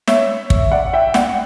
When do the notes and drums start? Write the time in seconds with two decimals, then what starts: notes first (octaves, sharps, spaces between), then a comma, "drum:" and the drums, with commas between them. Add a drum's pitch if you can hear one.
0.08 C#5 E5, drum: snare
0.50 drum: kick
0.71 D5 F#5
0.93 E5 G5
1.14 D5 F#5, drum: snare